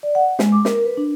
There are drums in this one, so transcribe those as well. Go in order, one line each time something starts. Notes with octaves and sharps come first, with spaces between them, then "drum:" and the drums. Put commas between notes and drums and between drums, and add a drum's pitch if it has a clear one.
D5
F#5
G#3, drum: snare
D6
A#4, drum: snare
B4
D4